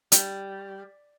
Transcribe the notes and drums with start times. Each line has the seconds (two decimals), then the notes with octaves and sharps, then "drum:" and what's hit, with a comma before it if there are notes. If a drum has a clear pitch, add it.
0.12 G3, drum: hi-hat